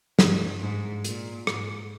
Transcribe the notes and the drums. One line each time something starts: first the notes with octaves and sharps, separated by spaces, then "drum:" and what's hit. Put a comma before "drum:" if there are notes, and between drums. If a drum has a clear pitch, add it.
G2, drum: snare
G#2
A#2, drum: hi-hat
G#2, drum: rim click